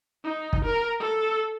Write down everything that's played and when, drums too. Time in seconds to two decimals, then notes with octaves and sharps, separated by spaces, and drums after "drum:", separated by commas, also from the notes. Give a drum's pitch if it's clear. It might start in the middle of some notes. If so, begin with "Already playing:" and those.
0.24 D#4
0.53 drum: kick
0.65 A#4
1.00 A4